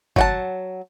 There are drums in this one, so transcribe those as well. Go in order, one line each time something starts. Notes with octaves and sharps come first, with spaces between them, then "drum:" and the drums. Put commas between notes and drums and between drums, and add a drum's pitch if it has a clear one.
F#3 F#5 A5, drum: kick